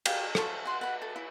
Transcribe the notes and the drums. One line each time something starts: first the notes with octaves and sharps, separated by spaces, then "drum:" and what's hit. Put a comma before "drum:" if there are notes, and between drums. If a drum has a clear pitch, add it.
G4 F5, drum: cymbal
A4 C5 F5 C#6, drum: rim click
F#5 C6
F#5 B5
A4
E4